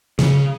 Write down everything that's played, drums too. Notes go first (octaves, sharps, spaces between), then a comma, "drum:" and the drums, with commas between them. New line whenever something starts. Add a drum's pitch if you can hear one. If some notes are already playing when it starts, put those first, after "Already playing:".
C#3, drum: snare